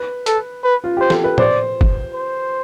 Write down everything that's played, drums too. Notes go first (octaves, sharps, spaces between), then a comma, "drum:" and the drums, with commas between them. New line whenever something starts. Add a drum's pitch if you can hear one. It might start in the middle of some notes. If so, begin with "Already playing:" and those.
Already playing: B4
A4, drum: hi-hat
B4
F4
G4 C5
A4, drum: snare
B4
C5 D5, drum: tom A2
drum: kick
C5